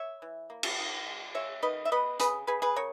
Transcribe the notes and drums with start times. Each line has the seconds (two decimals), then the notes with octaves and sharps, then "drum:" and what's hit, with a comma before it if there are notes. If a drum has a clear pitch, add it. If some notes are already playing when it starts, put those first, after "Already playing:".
Already playing: C#5 E5
0.22 E3
0.50 A#3
0.63 drum: cymbal
0.79 D#3
1.06 G#3
1.35 G#3 C#5 E5
1.62 D#3 B4 D#5
1.85 E5
1.92 B3 B4 D#5
2.20 C#3 G#4 B4, drum: hi-hat
2.47 C#3 G#4 B4
2.62 G#4 B4
2.76 C#3 A#4 C#5